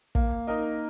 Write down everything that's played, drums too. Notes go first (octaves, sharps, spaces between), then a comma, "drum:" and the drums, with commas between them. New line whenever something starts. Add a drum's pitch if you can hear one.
A#3, drum: kick
D#4 A#4 D#5